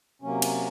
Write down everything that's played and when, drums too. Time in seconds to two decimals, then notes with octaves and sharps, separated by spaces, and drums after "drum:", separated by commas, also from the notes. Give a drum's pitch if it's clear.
0.22 C3 F#3 A#3 C#4
0.42 drum: cymbal